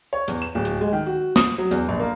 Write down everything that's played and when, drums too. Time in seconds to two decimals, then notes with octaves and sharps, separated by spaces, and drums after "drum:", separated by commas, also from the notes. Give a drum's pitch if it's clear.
0.13 C#5
0.28 E2, drum: hi-hat
0.42 E7
0.55 D1
0.65 drum: hi-hat
0.81 G#3
0.93 D#3
1.06 F#4
1.36 D#6, drum: snare
1.58 F#3
1.71 E2, drum: hi-hat
1.88 A#1
2.00 A#3